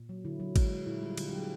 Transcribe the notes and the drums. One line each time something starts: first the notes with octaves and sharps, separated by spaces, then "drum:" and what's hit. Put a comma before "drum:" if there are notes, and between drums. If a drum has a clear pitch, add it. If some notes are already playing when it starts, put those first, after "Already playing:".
Already playing: A#2
F#3
D3 E4
F#3
G#3, drum: kick G#1, cymbal
G#3
A#2 E4
G3 F4
D3 F4, drum: cymbal
G4
F#3
G#4